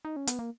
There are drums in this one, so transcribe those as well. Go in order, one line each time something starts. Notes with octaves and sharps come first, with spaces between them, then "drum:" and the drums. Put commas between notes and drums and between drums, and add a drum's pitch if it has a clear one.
D#4
C#4
B3, drum: hi-hat
A#3